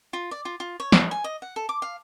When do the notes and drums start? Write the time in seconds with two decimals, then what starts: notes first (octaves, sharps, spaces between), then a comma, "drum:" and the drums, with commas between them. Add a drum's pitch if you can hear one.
0.13 F4
0.31 D5
0.45 F4
0.60 F4
0.80 C#5
0.92 E5, drum: snare
1.11 G#5
1.24 D#5
1.42 F#5
1.56 A4
1.69 D6
1.82 F5